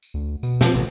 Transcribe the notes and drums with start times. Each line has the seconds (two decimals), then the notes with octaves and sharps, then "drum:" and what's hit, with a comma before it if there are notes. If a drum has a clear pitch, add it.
0.03 drum: tambourine
0.14 D2
0.43 B2, drum: tambourine
0.61 C3 F3, drum: snare
0.74 A1 C3